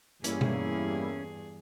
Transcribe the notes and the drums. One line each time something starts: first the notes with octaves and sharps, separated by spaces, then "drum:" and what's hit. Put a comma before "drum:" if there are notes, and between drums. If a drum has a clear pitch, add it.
E2 G2 G3 A#3 C#4 E4 G#4, drum: hi-hat
drum: tom B2